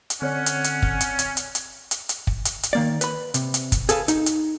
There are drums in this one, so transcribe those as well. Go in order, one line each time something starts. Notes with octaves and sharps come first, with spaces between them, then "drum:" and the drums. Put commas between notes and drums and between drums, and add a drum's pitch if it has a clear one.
drum: hi-hat
D3 C4 C#4 C#5 D5 F#5
drum: hi-hat
drum: hi-hat
drum: kick
drum: hi-hat
drum: hi-hat
drum: hi-hat
drum: hi-hat
drum: hi-hat
drum: hi-hat
drum: kick
drum: hi-hat
drum: hi-hat
D#3 A#3 D5
B4 B5, drum: hi-hat
C3, drum: hi-hat
drum: hi-hat
drum: kick, hi-hat
G#4 A4 B4 F5, drum: hi-hat
D#4, drum: hi-hat
drum: hi-hat